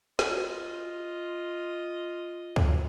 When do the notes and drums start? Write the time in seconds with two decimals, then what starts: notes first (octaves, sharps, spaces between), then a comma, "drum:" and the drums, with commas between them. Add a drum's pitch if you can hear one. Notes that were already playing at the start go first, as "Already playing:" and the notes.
0.19 F4 D#5, drum: snare
2.56 drum: kick C#2